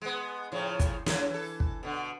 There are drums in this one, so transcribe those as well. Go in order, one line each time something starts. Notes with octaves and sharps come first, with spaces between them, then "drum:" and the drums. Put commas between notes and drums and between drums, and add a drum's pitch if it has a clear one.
G#3 B3
A2 C#3 F3
drum: kick, hi-hat
F#2 C#3 E3, drum: snare
E3 A4
drum: kick
B2 D3